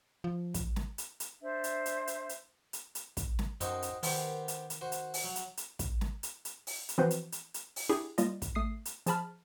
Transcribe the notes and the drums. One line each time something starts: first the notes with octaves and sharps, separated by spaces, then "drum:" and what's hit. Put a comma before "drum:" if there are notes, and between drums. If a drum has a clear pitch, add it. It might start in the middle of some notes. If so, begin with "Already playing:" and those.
F3
drum: kick, hi-hat
drum: snare
drum: hi-hat
drum: hi-hat
D4 C5 E5
drum: hi-hat
drum: hi-hat
drum: hi-hat
drum: hi-hat
drum: hi-hat
drum: hi-hat
drum: kick, hi-hat
drum: snare
F#2 C4 D#4 F#4, drum: hi-hat
drum: hi-hat
D#3 B3 C4 G4, drum: open hi-hat
drum: hi-hat
drum: hi-hat
F#4 C5
drum: hi-hat
drum: open hi-hat
F#3
drum: hi-hat
drum: hi-hat
drum: kick, hi-hat
drum: snare
drum: hi-hat
drum: hi-hat
drum: open hi-hat
drum: hi-hat
E3 F3 C4 F#4 B4 C5
drum: hi-hat
drum: hi-hat
drum: hi-hat
drum: open hi-hat
D4 E4 G4 G#4
G3 A#3 F4 D5 D#5, drum: hi-hat
drum: kick, hi-hat
A3 D#6 C7
drum: hi-hat
F3 G#4 A5 B5 F6, drum: hi-hat